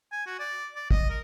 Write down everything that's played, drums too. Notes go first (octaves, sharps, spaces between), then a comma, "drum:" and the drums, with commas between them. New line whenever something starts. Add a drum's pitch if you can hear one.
G#5
F#4
D5
D5
D#5, drum: kick
A#4